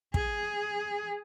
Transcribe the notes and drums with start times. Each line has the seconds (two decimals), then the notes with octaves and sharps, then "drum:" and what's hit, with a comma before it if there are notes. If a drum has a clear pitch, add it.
0.14 G#4, drum: kick